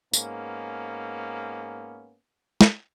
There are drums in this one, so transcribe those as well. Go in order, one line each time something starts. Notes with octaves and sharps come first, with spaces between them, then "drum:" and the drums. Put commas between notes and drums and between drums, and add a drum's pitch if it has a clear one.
G#2 A#3 B3 C#4, drum: tambourine
drum: snare